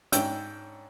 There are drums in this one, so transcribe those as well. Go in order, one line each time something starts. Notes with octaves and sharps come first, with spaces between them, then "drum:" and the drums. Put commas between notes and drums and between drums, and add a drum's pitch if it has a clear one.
G#2 C#4 D4 G5 E6, drum: hi-hat